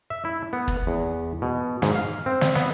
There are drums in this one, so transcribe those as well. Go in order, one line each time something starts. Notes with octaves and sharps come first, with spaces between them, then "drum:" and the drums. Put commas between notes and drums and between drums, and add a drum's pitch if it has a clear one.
E5
E4
B3
drum: kick
E2
B2
G#2, drum: snare
F5
C4
drum: snare
B3, drum: snare